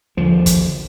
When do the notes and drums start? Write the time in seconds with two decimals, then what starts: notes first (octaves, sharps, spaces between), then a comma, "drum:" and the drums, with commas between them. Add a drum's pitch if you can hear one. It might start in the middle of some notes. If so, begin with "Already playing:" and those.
0.17 D#2 D3 F3
0.46 drum: kick, hi-hat